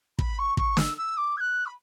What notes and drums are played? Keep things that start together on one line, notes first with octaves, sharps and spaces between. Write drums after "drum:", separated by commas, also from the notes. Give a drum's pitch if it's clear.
B5, drum: kick
C#6
C#6, drum: kick
E6, drum: snare
E6
D6
G#6
F#6
B5